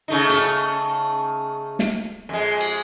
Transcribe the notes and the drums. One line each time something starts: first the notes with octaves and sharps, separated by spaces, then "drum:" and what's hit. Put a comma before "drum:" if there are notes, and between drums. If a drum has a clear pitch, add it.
C#3 A3 D#4
drum: hi-hat
drum: snare
F2 G#3
drum: cymbal